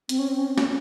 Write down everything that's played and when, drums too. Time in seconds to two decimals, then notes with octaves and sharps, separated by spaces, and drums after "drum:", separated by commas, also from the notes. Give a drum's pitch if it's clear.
0.09 C4, drum: hi-hat
0.19 C#4
0.29 C4
0.38 C#4
0.48 C4
0.58 C#4, drum: snare